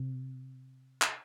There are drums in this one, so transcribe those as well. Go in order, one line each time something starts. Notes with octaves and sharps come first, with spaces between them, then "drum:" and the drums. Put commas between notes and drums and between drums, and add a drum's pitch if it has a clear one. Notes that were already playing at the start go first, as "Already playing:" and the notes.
Already playing: C3
drum: clap